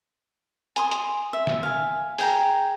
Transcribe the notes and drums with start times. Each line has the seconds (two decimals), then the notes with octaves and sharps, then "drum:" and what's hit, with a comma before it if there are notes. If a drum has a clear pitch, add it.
0.76 G#5 C6 D#6, drum: hi-hat
0.91 drum: hi-hat
1.33 E5
1.47 drum: snare
1.63 F5 G#5
2.18 G#4 G5 A#5, drum: open hi-hat